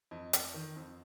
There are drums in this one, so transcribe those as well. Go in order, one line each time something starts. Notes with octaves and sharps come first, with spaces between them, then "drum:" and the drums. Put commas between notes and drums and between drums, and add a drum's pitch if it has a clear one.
F2 D#5
F2, drum: hi-hat
D#3
F2